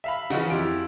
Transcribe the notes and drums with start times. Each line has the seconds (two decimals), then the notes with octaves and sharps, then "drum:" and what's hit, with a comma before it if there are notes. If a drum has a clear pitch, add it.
0.04 E5 F5 B5
0.30 C#3 E3 F3 D#5 F#5, drum: tambourine
0.50 F2 E4 F4 G4 D7